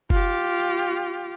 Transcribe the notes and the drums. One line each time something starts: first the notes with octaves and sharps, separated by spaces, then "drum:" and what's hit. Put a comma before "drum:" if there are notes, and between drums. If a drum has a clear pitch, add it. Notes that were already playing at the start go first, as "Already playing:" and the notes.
F4 G4, drum: kick